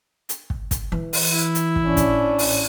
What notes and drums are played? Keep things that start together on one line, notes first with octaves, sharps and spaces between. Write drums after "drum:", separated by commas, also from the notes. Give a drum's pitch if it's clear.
drum: hi-hat
drum: kick
drum: kick, hi-hat
E3
drum: open hi-hat
E4
drum: hi-hat
drum: kick
A1 C#4 D4
drum: kick, hi-hat
drum: open hi-hat